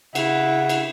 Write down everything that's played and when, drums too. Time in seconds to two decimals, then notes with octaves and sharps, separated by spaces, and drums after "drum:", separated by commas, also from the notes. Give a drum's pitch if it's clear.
0.15 C#3 E4 F#5, drum: cymbal
0.69 drum: cymbal